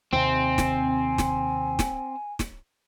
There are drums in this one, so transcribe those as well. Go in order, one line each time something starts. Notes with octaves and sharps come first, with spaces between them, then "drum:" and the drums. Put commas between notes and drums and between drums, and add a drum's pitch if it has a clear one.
D#2 C3 C4 G#5
drum: snare
drum: snare
drum: snare
drum: snare